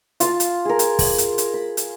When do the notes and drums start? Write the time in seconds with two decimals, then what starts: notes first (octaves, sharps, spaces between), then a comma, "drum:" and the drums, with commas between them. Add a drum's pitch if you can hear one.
0.20 F4 F5 A5, drum: hi-hat
0.40 drum: hi-hat
0.65 G#4 A#4
0.79 drum: hi-hat
0.99 drum: kick, open hi-hat
1.18 drum: hi-hat
1.38 drum: hi-hat
1.54 B5
1.77 drum: hi-hat